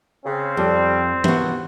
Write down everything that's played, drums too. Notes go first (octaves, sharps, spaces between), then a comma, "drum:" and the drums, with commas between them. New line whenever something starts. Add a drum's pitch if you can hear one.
C#3 C4
F2 G3
D#2 C3 E3 B3 F#4, drum: tom E3